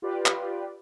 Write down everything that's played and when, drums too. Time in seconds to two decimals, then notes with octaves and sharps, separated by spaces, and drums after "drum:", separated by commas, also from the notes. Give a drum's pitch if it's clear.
0.02 F4 G4 B4 D5
0.26 drum: clap